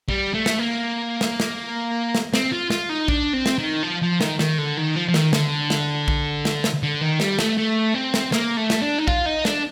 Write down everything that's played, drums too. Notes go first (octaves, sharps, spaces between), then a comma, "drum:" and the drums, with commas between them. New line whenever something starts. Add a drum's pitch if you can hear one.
G3, drum: kick A#1
A3
drum: snare
A#3
drum: snare
drum: snare
drum: snare
C4, drum: snare
F4
F4, drum: snare
D#4
D4, drum: kick A#1
C4
drum: snare
D#3
F3
F3
D#3, drum: snare
D#3, drum: snare
D3
D#3
F3
F3
D#3, drum: snare
D3, drum: snare
drum: snare
drum: kick A#1
drum: snare
drum: snare
D3
D#3
G3, drum: snare
A3, drum: snare
A3
C4
drum: snare
A#3, drum: snare
A3
drum: snare
D4
D#4
F4, drum: kick A#1
D#4
D4, drum: snare